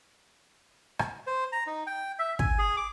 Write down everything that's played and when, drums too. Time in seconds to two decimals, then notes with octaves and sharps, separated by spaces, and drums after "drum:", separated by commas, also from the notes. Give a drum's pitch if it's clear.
0.99 drum: rim click
1.27 C5
1.52 A#5
1.67 D#4
1.87 G5
2.19 E5
2.39 G#5, drum: kick
2.59 G#4
2.77 D6